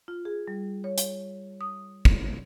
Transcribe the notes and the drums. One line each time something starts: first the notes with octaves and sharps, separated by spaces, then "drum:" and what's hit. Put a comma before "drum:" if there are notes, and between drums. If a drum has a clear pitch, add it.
F4
G#4
G3
C#5
drum: hi-hat
D#6
drum: kick